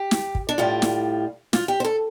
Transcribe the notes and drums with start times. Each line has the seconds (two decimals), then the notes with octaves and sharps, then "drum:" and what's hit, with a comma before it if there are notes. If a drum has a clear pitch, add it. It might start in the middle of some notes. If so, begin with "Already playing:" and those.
Already playing: G4
0.11 drum: snare
0.35 drum: kick
0.49 D4
0.58 A2 G3 F4
0.82 drum: snare
1.53 F4, drum: snare
1.68 G4
1.80 C5
1.84 A4